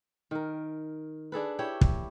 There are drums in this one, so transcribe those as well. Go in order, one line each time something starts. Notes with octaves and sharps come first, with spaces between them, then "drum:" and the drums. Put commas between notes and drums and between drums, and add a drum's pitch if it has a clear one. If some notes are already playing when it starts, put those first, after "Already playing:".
D#3 A#4
D4 G#4 A4 B4
E4 G4 C#5
drum: kick